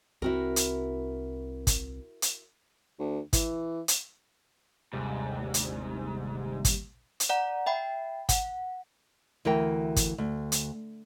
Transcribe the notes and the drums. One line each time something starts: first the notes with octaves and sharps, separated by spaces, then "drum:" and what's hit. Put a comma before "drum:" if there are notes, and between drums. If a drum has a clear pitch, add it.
C2 C4 E4 F#4 A#4
drum: hi-hat
drum: kick, hi-hat
drum: hi-hat
D2
E3, drum: kick, hi-hat
drum: hi-hat
G1 D#2 G#2 C3 G3
drum: hi-hat
drum: kick, hi-hat
drum: hi-hat
D5 F#5 A#5
E5 G5 B5
F#5, drum: kick, hi-hat
D2 E3 A#4 G5
drum: kick, hi-hat
D2
drum: hi-hat